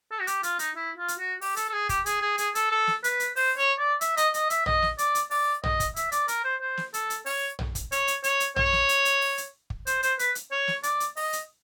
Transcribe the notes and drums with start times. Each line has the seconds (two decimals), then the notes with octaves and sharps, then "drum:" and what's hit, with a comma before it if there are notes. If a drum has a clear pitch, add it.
0.11 A4
0.20 F#4
0.27 G4, drum: hi-hat
0.43 F4, drum: hi-hat
0.59 D#4, drum: hi-hat
0.76 E4
0.98 F4
1.08 drum: hi-hat
1.19 F#4
1.41 G4, drum: open hi-hat
1.56 A4, drum: hi-hat
1.69 A4
1.74 G#4
1.89 G4, drum: kick, hi-hat
2.06 G#4, drum: hi-hat
2.22 G#4
2.38 G#4, drum: hi-hat
2.55 A4, drum: hi-hat
2.71 A4
2.87 drum: snare
3.04 B4, drum: hi-hat
3.20 drum: hi-hat
3.36 C5, drum: open hi-hat
3.58 C#5
3.79 D5
4.01 E5, drum: hi-hat
4.17 D#5, drum: hi-hat
4.34 D#5, drum: hi-hat
4.50 E5, drum: hi-hat
4.66 D#5, drum: tom A#1
4.82 drum: snare
4.98 D5, drum: hi-hat
5.15 drum: hi-hat
5.31 D5, drum: open hi-hat
5.64 D#5, drum: tom A#1
5.80 drum: kick, hi-hat
5.96 E5, drum: hi-hat
6.12 D5, drum: hi-hat
6.28 A#4, drum: hi-hat
6.44 C5
6.61 C5
6.77 drum: snare
6.94 A4, drum: hi-hat
7.10 drum: hi-hat
7.26 C#5, drum: open hi-hat
7.59 drum: tom A#1
7.75 drum: kick, hi-hat
7.92 C#5, drum: hi-hat
8.08 drum: hi-hat
8.24 C#5, drum: hi-hat
8.40 drum: hi-hat
8.56 C#5, drum: tom A#1
8.73 drum: snare
8.89 drum: hi-hat
9.05 drum: hi-hat
9.21 drum: open hi-hat
9.38 drum: hi-hat
9.70 drum: kick
9.87 C5, drum: hi-hat
10.03 C5, drum: hi-hat
10.19 B4, drum: hi-hat
10.35 drum: hi-hat
10.51 C#5
10.68 drum: snare
10.83 D5, drum: hi-hat
11.00 drum: hi-hat
11.17 D#5, drum: open hi-hat
11.33 drum: hi-hat